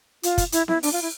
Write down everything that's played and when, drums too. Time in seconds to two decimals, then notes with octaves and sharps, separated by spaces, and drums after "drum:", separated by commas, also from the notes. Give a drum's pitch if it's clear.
0.23 F4, drum: hi-hat
0.38 drum: kick, hi-hat
0.52 E4, drum: hi-hat
0.68 E4, drum: snare B3
0.83 D4, drum: open hi-hat
0.93 F4
1.02 E4